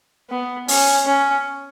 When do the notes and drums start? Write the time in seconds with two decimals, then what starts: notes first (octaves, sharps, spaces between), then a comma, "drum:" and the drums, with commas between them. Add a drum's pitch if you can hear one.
0.30 B3
0.68 C#4, drum: open hi-hat
1.07 C#4